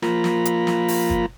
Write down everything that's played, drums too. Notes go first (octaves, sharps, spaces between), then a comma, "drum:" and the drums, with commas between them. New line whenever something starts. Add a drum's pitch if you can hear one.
F3 A#3 F4 A#5 B5, drum: snare
drum: snare
drum: hi-hat
drum: snare
drum: open hi-hat
drum: kick